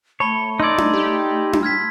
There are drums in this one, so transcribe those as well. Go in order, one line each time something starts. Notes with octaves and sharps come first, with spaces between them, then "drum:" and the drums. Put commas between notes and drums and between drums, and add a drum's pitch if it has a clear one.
A3 C#5 A5 B5 G7
D#4 D5 C6 E6 G#6
drum: tom D4
G4
drum: tom D4
F6 G#6 B6